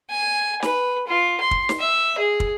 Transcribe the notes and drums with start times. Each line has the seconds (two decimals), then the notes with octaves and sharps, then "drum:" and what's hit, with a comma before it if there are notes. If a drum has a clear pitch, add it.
0.11 G#5
0.63 B4, drum: snare
1.08 F4
1.40 C6
1.51 drum: kick
1.69 drum: snare
1.80 E5
2.18 G#4
2.40 drum: kick